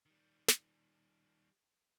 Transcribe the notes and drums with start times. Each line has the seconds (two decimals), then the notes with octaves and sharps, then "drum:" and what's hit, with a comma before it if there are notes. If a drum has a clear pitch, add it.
0.06 D#3 G3
0.48 drum: snare